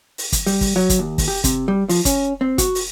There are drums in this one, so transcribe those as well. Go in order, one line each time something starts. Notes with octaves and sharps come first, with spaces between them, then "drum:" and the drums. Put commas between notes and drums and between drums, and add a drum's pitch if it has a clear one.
drum: open hi-hat
drum: kick, hi-hat
G3, drum: open hi-hat
drum: kick, open hi-hat
F#3
drum: kick, hi-hat
D#2
drum: kick, open hi-hat
G4
C3, drum: kick, hi-hat
G3
F3, drum: open hi-hat
C#4, drum: kick, hi-hat
C4
F#4, drum: kick, hi-hat
drum: open hi-hat